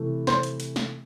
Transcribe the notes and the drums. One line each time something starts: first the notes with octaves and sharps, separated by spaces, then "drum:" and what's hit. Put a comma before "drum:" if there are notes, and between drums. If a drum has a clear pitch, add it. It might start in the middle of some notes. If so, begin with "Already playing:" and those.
Already playing: C3 E3 A3
C5 C6, drum: snare
drum: hi-hat
drum: hi-hat
drum: snare